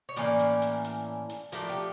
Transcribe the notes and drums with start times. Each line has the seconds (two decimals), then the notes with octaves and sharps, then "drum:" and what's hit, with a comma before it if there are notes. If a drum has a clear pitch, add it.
0.09 C#5
0.16 A2 E3 A#3 C#4 D5, drum: hi-hat
0.39 drum: hi-hat
0.62 drum: hi-hat
0.84 drum: hi-hat
1.29 drum: hi-hat
1.52 F3 A3 D4 A#4, drum: hi-hat
1.69 G4